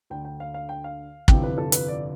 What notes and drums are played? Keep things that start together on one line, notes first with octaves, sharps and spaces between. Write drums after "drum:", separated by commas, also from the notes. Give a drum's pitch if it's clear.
D2 D3 G5
G5
F5
F5
G5
F5
G1 F2 C3 E3 G5, drum: kick
B4
A4
B4, drum: hi-hat
D5